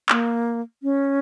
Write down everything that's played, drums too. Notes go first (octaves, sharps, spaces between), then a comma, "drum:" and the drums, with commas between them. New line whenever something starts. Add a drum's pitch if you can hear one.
A#3, drum: clap
C#4